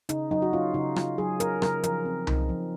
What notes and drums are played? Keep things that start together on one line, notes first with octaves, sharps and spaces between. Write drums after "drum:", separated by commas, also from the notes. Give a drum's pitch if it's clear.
C#3 D#4, drum: hi-hat
F#3 D#4
F#4
C#4 F4
C#3 D#4
C#3 F4, drum: rim click
F#3 G#4
C#4 A#4, drum: hi-hat
C#3 A#4, drum: rim click
F3 A#4, drum: hi-hat
C4
D#4, drum: tom C2
F3